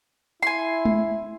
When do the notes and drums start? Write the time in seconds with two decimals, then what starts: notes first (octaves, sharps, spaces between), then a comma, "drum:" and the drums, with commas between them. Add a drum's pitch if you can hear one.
0.43 E4 G#5 C6
0.85 drum: tom G#3